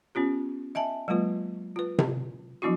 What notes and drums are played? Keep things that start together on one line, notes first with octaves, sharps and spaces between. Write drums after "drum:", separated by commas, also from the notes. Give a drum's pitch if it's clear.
B3 C#4 F4 G4
D#5 E5 G#5 A5
F#3 G#3 A#3 F4 B4
F4 B4
drum: tom C3
F3 F#3 B3 D4 E4 F#4